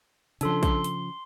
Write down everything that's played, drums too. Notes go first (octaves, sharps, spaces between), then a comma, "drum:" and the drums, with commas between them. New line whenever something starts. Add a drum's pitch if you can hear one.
C#3 F3 D4 A4 C6, drum: hi-hat
C6, drum: kick, hi-hat
drum: hi-hat